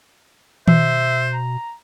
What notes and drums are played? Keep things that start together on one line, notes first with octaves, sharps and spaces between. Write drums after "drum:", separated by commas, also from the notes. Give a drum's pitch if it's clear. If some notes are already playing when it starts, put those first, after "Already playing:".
B2 C5 E5, drum: tom D#3
A#5